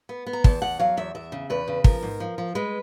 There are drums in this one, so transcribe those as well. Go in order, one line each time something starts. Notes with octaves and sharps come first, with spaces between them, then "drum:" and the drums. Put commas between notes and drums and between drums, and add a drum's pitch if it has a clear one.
B3
B3
A#5
E2 A5, drum: kick
E2 F#5
F#3 F5
E2 E5
E2 E5
C#3
E2 B4
C#3
F3 A#4, drum: kick
G#2
F3
F3
G#3 B4